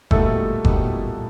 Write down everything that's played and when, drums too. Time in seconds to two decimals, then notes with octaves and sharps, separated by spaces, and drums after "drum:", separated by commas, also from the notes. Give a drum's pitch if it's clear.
0.11 A#2 G3 A3 B3 D#4 F#4 A4, drum: kick F#1
0.65 A#2 G3 B3 D#4 F#4, drum: kick F#1